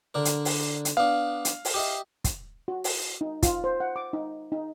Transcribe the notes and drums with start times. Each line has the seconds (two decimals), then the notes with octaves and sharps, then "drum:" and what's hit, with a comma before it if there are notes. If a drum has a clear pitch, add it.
0.14 D3 D4 A#4
0.25 drum: hi-hat
0.45 drum: open hi-hat
0.85 drum: hi-hat
0.97 B3 D4 F5
1.45 drum: hi-hat
1.65 drum: open hi-hat
1.74 G4 D#5 E5
2.24 drum: kick, hi-hat
2.68 F#4
2.84 drum: open hi-hat
3.21 D#4
3.43 F4, drum: kick, hi-hat
3.64 C5
3.80 F#5
3.96 D6
4.13 D#4
4.52 D#4